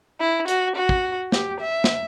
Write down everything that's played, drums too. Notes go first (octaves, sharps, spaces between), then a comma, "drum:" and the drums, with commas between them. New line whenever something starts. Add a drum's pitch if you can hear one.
E4
F#4, drum: hi-hat
F#4
drum: kick
G4, drum: snare
E5
drum: snare